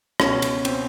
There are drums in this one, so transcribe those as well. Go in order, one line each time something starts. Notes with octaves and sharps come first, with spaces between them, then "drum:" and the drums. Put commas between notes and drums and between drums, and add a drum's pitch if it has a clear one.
C#2 B2 C#4, drum: rim click
drum: cymbal
C4, drum: cymbal